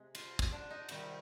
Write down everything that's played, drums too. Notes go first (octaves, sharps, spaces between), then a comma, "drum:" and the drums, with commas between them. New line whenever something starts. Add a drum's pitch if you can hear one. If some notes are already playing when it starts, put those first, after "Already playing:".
Already playing: C3 G#3
F4, drum: cymbal
drum: kick, cymbal
D4
D#4
C3 D#3 G3, drum: cymbal